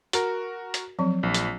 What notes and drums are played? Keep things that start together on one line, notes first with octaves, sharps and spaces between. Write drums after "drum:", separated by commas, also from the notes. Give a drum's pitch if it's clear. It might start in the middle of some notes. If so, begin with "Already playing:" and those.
F#4 A#4, drum: hi-hat
drum: hi-hat
F3 F#3 C4
A#1
drum: hi-hat